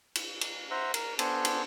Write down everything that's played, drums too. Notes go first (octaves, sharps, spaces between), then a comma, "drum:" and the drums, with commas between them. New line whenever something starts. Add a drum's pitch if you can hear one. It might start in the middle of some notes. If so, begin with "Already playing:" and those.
drum: cymbal
drum: cymbal
C5 E5 F#5 A#5
A#4, drum: cymbal
B3 D4 A4 C5 G#5, drum: cymbal
drum: cymbal